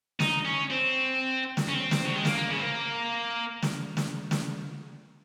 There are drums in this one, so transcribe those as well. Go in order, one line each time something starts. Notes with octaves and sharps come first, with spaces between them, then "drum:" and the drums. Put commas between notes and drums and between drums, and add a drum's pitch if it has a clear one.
D#4, drum: snare
C#4
C4
drum: snare
C#4
C4
drum: snare
F#3
G#3
A#3, drum: snare
A#3
C#3
C4
A#3
drum: snare
drum: snare
drum: snare